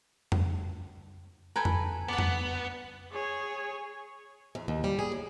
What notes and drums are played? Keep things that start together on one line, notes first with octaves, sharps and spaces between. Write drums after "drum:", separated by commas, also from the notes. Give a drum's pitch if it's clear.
drum: tom F2
A4 B4 G5 G#5 A#5
drum: tom F2
B3 D5 F#5
drum: tom F2
G#4 C#5
E2
D#2
G3
G#4
A2